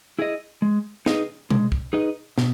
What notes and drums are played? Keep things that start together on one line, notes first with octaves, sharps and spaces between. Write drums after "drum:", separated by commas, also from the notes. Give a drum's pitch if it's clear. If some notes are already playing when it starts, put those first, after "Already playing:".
E4 G#4 D#5
G#3
D#4 G#4 B4 D#5, drum: snare
G#3, drum: tom B2
drum: kick
D#4 G#4 B4 D#5
B2, drum: snare